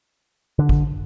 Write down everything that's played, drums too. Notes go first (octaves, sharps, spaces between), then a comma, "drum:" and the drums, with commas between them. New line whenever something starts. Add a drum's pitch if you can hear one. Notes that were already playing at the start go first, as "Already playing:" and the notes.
D3
drum: kick